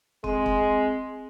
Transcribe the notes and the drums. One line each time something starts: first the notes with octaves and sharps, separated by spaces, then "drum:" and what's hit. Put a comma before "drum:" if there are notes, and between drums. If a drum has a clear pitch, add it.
G#3 C4, drum: kick
drum: kick